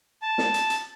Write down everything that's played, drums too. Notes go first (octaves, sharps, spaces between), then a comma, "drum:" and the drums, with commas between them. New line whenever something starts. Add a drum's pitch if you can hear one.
A5
drum: snare
drum: hi-hat
drum: hi-hat